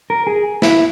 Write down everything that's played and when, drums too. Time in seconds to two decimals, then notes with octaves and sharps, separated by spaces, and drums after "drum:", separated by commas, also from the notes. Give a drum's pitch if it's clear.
0.10 A#4
0.27 G#4
0.62 E4, drum: snare